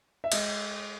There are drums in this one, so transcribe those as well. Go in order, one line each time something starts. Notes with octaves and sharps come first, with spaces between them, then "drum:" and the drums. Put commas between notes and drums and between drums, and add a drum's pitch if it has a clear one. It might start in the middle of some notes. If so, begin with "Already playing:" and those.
E5
G#3 D#5, drum: cymbal